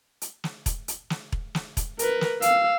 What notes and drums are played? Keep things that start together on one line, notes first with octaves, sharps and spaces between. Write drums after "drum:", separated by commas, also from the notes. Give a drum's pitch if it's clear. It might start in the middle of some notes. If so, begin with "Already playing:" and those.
drum: hi-hat
drum: snare
drum: kick E1, hi-hat
drum: hi-hat
drum: snare
drum: kick E1
drum: snare
drum: kick E1, hi-hat
A#4 B4, drum: hi-hat
drum: snare
F5 E6, drum: hi-hat